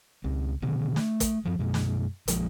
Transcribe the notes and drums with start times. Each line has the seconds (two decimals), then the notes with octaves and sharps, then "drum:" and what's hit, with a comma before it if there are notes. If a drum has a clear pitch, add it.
0.24 C#2 C4
0.62 B2 D3 D#3 B3
0.96 A3, drum: snare
1.20 drum: kick, hi-hat
1.45 F#2 F3
1.59 F#2 B2 G#3
1.74 drum: snare
2.28 A#1 F3 G#3, drum: hi-hat